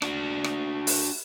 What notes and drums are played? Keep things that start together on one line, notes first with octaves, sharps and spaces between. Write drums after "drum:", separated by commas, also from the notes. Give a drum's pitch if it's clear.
D4 F#4, drum: rim click
drum: rim click
drum: open hi-hat